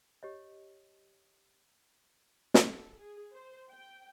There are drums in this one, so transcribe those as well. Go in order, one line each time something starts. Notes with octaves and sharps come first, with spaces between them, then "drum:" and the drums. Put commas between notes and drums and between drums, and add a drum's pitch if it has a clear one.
G4 C#5 D#5
drum: snare
A4
G#4
C5
G5